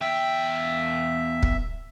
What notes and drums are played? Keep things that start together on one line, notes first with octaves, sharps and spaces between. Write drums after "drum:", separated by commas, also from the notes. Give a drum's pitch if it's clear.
E2 E5 G5
drum: kick